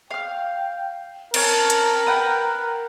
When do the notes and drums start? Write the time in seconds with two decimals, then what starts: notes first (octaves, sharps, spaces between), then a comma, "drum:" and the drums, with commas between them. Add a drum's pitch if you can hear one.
0.11 F5 G5 F6
1.34 C4 C#4 A#4 A5, drum: cymbal
1.70 drum: hi-hat
2.07 B4 F#5 G5